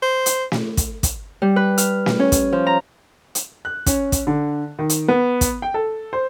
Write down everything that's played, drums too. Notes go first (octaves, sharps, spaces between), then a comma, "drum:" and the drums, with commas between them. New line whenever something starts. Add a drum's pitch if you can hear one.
C5
drum: hi-hat
drum: snare
drum: kick, hi-hat
drum: kick, hi-hat
G3
B4
F6, drum: hi-hat
drum: snare
C#4
drum: kick, hi-hat
F3
A#5
drum: hi-hat
F#6
C#4, drum: kick, hi-hat
drum: kick, hi-hat
D3
D#3
drum: hi-hat
B3
drum: kick, hi-hat
G5
A4
C5